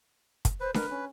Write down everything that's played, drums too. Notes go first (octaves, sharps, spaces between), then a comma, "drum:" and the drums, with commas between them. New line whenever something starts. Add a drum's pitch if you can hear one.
drum: kick, hi-hat
B4 C5
A#4 B4, drum: snare D4
C#4